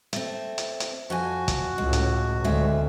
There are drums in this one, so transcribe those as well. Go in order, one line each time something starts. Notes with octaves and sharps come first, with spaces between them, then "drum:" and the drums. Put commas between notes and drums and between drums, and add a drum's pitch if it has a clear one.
A3 C4, drum: hi-hat
drum: hi-hat
drum: hi-hat
F2 F4 F#4 G#5
drum: kick, hi-hat
C#2 A2 G#3
drum: hi-hat
D2 G#3 C4 E5